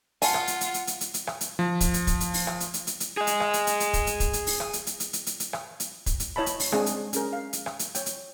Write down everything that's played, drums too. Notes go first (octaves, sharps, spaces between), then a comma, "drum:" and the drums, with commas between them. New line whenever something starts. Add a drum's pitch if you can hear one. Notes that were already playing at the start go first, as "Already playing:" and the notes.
F4 F#5 G#5 A5, drum: open hi-hat
drum: rim click
drum: hi-hat
drum: hi-hat
drum: hi-hat
drum: hi-hat
drum: hi-hat
drum: hi-hat
drum: rim click
drum: hi-hat
F3
drum: kick, hi-hat
drum: hi-hat
drum: kick, hi-hat
drum: hi-hat
drum: open hi-hat
drum: rim click
drum: hi-hat
drum: hi-hat
drum: hi-hat
drum: hi-hat
G#4 D#5
drum: hi-hat
drum: rim click
drum: hi-hat
drum: hi-hat
drum: hi-hat
drum: kick, hi-hat
drum: hi-hat
drum: kick, hi-hat
drum: hi-hat
drum: open hi-hat
drum: rim click
drum: hi-hat
drum: hi-hat
drum: hi-hat
drum: hi-hat
drum: hi-hat
drum: hi-hat
drum: rim click
drum: hi-hat
drum: kick, hi-hat
drum: hi-hat
E4 C#5 D#5 A5 B5
drum: hi-hat
drum: open hi-hat
G#3 C4 D4 G#4, drum: rim click
drum: hi-hat
C#4 G#4 A#4, drum: hi-hat
F5
drum: hi-hat
drum: rim click
drum: hi-hat
C#5 G5, drum: hi-hat
drum: hi-hat